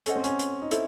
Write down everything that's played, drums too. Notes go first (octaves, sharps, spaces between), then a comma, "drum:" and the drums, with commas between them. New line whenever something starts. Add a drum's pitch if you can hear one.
C#4 A4 C5 D#5 F#5, drum: hi-hat
C4
C#4, drum: hi-hat
drum: hi-hat
D#4
E4 A4 C5, drum: hi-hat